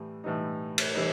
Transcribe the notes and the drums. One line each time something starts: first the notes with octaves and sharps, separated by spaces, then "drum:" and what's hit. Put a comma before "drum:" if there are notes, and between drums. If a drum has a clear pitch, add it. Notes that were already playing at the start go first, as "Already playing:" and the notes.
Already playing: A2 E3 G3
A2 E3 G3 D#4
drum: cymbal
E3 G3 D#4